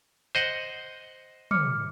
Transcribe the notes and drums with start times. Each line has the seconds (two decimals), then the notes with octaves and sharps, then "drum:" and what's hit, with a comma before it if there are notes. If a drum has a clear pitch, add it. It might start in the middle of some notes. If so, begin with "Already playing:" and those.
0.35 C5 D#5 F#5
1.51 D6 F6 C#7, drum: tom